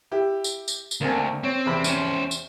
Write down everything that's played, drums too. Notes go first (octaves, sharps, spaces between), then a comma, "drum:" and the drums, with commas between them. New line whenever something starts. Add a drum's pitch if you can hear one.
E4 G4
drum: tambourine
drum: tambourine
drum: tambourine
D2 A#3 C4 G#5
C4 C#5
E2 C3 B5
C#4 C5, drum: tambourine
drum: tambourine